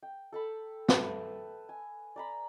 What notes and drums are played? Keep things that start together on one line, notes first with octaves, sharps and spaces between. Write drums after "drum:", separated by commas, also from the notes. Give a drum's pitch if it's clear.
G5
A4 A5 B5
B4 E5 G5 A5, drum: snare
G#5
D5 A#5 B5